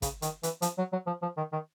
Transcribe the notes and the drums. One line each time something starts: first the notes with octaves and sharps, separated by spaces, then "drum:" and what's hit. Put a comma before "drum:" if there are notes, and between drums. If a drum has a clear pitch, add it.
C#3, drum: kick, hi-hat
D#3, drum: hi-hat
E3, drum: hi-hat
F3, drum: hi-hat
F#3
F#3
F3
F3
D#3
D#3